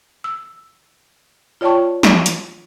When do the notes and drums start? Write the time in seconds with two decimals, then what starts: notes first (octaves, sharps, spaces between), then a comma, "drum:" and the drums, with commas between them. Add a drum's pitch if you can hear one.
0.24 E6
1.61 F4 C#5 D5 G5 A5 C#6
2.03 drum: snare
2.26 drum: hi-hat